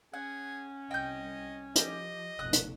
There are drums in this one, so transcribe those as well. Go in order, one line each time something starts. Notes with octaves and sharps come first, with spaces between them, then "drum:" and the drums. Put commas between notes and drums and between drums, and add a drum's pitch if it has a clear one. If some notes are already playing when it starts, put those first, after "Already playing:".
C#4 G#4 F#5
C2 D#5 G5 G6
F3 G4 D#5, drum: hi-hat
F1 C#2 B2 D#6 F#6
drum: hi-hat